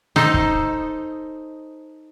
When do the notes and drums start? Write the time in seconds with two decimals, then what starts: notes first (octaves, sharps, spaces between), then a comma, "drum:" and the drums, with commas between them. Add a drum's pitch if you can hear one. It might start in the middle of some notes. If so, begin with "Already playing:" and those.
0.16 D#4 A4 C5 D#5, drum: snare
0.34 drum: kick